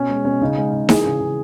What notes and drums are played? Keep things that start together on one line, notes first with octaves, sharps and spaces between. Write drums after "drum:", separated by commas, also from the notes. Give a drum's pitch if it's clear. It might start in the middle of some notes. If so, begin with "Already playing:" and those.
Already playing: B2 C#4
G#3
B2 C#4
C#3 D#4
G#3
C#3
E3 G#4, drum: snare D#4
C#3
C#3